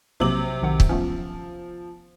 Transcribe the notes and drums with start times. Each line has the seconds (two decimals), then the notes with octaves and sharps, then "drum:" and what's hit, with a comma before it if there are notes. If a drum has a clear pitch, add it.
0.20 A#1 C3 F#3 A#3 D6 F#7
0.62 B1 D#3 F#5
0.80 drum: kick
0.89 F3 A3 B3 C#4